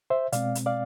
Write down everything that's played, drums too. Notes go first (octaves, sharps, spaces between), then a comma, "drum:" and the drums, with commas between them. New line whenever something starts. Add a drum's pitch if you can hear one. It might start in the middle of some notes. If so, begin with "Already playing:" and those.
C5 E5
B2 G#3 C4 D5 F5, drum: hi-hat
drum: hi-hat
D5 F5